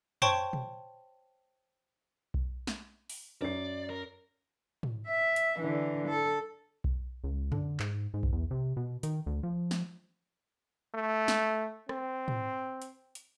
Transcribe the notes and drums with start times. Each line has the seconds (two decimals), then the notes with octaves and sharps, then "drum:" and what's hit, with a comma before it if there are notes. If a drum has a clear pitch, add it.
0.22 C5 C#5 G5 A5 C6 C#6, drum: tom
0.53 drum: tom A#2
2.34 drum: kick B1
2.67 drum: snare
3.09 drum: open hi-hat
3.42 F#2 D5 C7
3.90 A#4
4.83 drum: tom
5.07 E5
5.36 drum: hi-hat
5.59 D3 E3
6.08 A4
6.84 drum: kick B1
7.24 C#2
7.52 D3, drum: tom
7.80 G#2, drum: clap
8.14 G#2
8.23 drum: kick B1
8.32 E2
8.51 C3
8.77 B2
9.03 D#3, drum: hi-hat
9.26 D2
9.43 F3
9.71 drum: snare
10.94 A3
11.28 drum: snare
11.89 C4, drum: rim click
12.28 drum: tom
12.82 drum: hi-hat
13.15 drum: hi-hat